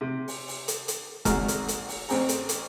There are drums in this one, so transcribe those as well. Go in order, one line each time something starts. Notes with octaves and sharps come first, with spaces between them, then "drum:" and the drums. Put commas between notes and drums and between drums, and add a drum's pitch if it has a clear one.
C3
drum: open hi-hat
drum: open hi-hat
drum: hi-hat
drum: hi-hat
G#1 G#2 F#4 G#4 A#5 F6, drum: kick F1, hi-hat
drum: hi-hat
drum: hi-hat
drum: open hi-hat
A1 C4 G#4 A#5, drum: open hi-hat
drum: hi-hat
drum: hi-hat